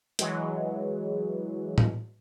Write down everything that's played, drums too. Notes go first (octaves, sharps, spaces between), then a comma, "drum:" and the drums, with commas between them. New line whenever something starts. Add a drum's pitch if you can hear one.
E3 F#3 G#3, drum: hi-hat
drum: tom A2